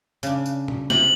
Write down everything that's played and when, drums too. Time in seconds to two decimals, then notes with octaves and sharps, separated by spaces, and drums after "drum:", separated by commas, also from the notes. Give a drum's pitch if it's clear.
0.23 C#3 D4, drum: tambourine
0.46 drum: tambourine
0.68 drum: tom A#2
0.90 C3 F#7, drum: snare